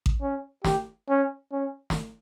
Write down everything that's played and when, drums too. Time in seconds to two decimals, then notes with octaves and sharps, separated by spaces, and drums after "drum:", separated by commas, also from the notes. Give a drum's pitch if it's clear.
0.06 drum: kick A1
0.22 C#4
0.65 G4, drum: snare
1.10 C#4
1.52 C#4
1.90 drum: snare